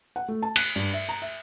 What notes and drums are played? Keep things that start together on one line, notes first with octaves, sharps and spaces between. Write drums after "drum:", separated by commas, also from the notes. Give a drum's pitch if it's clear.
F#5
A3
A5
F#6, drum: cymbal
G2
E5
A#5
E5